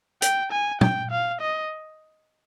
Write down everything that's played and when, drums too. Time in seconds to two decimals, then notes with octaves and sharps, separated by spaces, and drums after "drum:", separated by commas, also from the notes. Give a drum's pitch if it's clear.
0.22 G5, drum: hi-hat
0.51 G#5
0.81 G5, drum: tom
1.11 F5
1.41 D#5